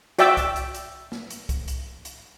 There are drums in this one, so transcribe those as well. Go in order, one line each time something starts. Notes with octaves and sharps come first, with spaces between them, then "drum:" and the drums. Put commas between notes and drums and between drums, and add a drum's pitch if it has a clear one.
F#4 D5 E5 G5 D6 E6, drum: hi-hat
drum: kick C2, hi-hat
drum: hi-hat
drum: hi-hat
drum: snare
drum: hi-hat
drum: kick C2, hi-hat
drum: hi-hat
drum: hi-hat